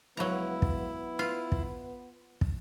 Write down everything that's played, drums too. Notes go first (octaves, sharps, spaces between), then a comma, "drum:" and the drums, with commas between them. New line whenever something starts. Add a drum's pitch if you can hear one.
C#2 F3 F#3 B3 E4 F#5 A#5
drum: kick
F4 B4 C5 B5
drum: kick
drum: kick